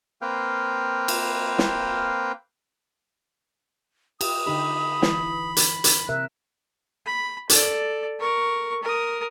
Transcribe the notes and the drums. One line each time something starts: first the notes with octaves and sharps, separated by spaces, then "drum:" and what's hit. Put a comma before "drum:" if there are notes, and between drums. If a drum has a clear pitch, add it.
A#3 C4 B4 F5 G5
drum: cymbal
drum: snare
G4 D#6, drum: cymbal
D3 D#4 G4 B5
E3, drum: snare
drum: hi-hat
drum: hi-hat
C3 A#4 E5 F#6
B5
A4 D5, drum: hi-hat
A#4 C#6
A#4 D#6